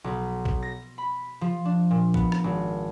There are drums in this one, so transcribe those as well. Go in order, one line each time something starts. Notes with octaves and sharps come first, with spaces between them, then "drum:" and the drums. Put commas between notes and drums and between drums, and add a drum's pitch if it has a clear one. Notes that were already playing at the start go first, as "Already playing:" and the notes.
B1
drum: kick A#1
A#6
B5
F3
D4
A#2
B3, drum: kick A#1
drum: rim click
G#1